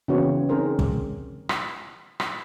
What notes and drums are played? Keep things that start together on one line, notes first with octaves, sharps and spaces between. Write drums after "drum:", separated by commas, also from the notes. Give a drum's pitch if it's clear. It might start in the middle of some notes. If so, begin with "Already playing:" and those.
C#3 E3 B3 C4 F#4 C#5
C4 C#4 D#4 G#4 A#4 C5
drum: kick
drum: rim click
drum: rim click